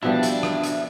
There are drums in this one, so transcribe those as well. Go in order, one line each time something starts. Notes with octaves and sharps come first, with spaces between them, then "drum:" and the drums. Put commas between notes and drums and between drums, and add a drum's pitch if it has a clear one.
B2 F3 G3 B3 D4 E4 E5
drum: hi-hat
drum: rim click
drum: hi-hat